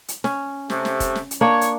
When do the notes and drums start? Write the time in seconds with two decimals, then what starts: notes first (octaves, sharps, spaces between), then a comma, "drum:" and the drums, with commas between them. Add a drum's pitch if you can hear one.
0.08 drum: hi-hat
0.24 C#4, drum: snare
0.70 C3 A3, drum: snare
0.85 drum: snare
1.00 drum: kick, hi-hat
1.15 drum: snare
1.31 drum: hi-hat
1.41 A#3 D4 C#5
1.61 drum: hi-hat